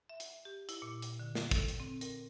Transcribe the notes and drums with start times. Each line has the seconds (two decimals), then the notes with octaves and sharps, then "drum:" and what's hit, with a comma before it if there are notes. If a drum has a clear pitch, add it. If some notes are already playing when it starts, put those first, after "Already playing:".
0.10 E5
0.20 drum: hi-hat
0.45 G4
0.69 E4, drum: hi-hat
0.82 A#2
1.02 drum: hi-hat
1.19 D3
1.35 drum: snare
1.51 A4, drum: kick, hi-hat
1.68 drum: hi-hat
1.80 C4
2.01 A#4, drum: hi-hat